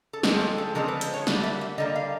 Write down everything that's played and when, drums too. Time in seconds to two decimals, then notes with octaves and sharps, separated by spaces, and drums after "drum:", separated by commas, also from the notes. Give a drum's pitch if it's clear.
0.13 A4
0.23 D3 F3 G#3 C4 G#4, drum: snare
0.41 A4
0.58 A4
0.75 D3 F3 G#3 C4 A#4
0.88 B4
1.01 C5, drum: hi-hat
1.14 C#5
1.27 D3 G3 A#3, drum: snare
1.43 E5
1.61 E5
1.78 D3 G3 A#3 D#5
1.95 F5